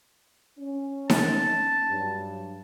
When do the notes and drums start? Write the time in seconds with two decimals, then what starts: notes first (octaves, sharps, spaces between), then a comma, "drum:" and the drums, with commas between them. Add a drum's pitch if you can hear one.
0.58 C#4
1.10 A5, drum: snare D#4
1.89 G2 F#3